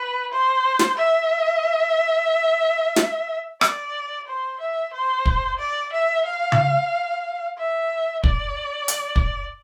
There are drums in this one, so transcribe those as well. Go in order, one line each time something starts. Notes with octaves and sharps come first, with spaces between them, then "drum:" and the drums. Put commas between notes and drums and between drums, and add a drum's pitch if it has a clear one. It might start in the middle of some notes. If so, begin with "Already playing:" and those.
Already playing: B4
C5
drum: snare
E5
drum: snare
D5, drum: rim click
C5
E5
C5
drum: kick
D5
E5
F5
drum: tom C#3
E5
D5, drum: kick
drum: hi-hat
drum: kick